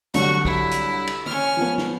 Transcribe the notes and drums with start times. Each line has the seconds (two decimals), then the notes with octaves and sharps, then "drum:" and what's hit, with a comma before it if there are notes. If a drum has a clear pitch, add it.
0.14 C2 D3 F#3 F#4 C#6, drum: hi-hat
0.45 E4, drum: kick B1
0.71 drum: hi-hat
1.07 drum: cymbal
1.26 C#4 F6, drum: tom
1.57 F3 B3
1.78 drum: snare